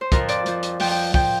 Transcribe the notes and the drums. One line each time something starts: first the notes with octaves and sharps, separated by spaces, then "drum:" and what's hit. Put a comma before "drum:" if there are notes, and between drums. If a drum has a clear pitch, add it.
C5
F2 F3 A#4, drum: kick, hi-hat
D5, drum: hi-hat
F2 F3, drum: hi-hat
drum: hi-hat
F2 F3 G5, drum: open hi-hat
G5
F3 G5, drum: kick